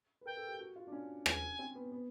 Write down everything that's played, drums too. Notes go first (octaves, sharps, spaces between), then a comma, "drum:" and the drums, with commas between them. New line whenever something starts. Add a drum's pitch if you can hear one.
B4
A#4 G5
A4
G4
F#4
F4
D4
C#4
G#5, drum: rim click
C4
B3
B3